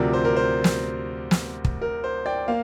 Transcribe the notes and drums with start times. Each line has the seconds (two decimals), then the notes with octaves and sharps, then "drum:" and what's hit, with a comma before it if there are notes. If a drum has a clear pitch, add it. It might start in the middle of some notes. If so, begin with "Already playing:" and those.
Already playing: D2 C3 F3 A#4 D5
0.13 C5
0.25 A#4
0.36 C5
0.64 drum: snare
1.31 drum: snare
1.65 drum: kick
1.82 A#4
2.04 C5
2.26 D5 G5
2.48 A#3 F5